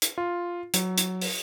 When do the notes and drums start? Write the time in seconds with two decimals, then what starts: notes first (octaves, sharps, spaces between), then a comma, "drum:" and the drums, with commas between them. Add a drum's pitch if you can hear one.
0.02 drum: hi-hat
0.18 F4
0.74 F#3, drum: hi-hat
0.98 drum: hi-hat
1.21 drum: open hi-hat